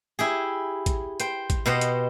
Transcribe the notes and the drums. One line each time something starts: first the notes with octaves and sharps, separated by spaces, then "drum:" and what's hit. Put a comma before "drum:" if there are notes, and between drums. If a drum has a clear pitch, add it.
E4 G4 G#4
drum: kick A1, hi-hat
C5 G5, drum: hi-hat
drum: kick A1, hi-hat
B2 G4 C5 D#5 F#5
drum: hi-hat